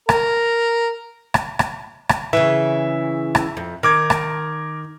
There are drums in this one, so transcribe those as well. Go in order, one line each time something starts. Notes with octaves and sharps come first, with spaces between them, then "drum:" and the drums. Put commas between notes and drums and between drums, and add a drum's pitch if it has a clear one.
A#4, drum: rim click
drum: rim click
drum: rim click
drum: rim click
C#3 E3 E5
drum: rim click
F2
D#3 A#4 D6 G#6
drum: rim click